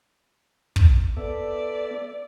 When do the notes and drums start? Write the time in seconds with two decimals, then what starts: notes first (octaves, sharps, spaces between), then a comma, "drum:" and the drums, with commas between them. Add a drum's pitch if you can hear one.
0.76 drum: kick
1.17 B3 A4 D5 E5